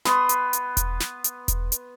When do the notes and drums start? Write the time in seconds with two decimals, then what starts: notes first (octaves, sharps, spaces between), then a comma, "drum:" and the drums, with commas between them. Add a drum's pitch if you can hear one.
0.05 B3 C6, drum: snare
0.29 drum: hi-hat
0.53 drum: hi-hat
0.77 drum: kick E1, hi-hat
1.00 drum: snare
1.24 drum: hi-hat
1.48 drum: kick E1, hi-hat
1.72 drum: hi-hat